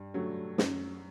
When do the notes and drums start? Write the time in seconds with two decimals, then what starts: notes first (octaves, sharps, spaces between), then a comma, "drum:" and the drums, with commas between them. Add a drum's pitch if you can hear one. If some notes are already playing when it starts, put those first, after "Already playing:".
Already playing: G2
0.14 D3 F#3 A3
0.58 F#2, drum: snare